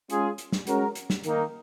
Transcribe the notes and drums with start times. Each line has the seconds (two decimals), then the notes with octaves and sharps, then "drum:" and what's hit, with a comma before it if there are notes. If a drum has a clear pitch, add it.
0.10 G#3 C#4 F4 G#4, drum: hi-hat
0.38 drum: hi-hat
0.52 drum: snare
0.67 G#3 C#4 F#4 A#4, drum: hi-hat
0.95 drum: hi-hat
1.10 drum: snare
1.23 D#3 A#3 D#4, drum: hi-hat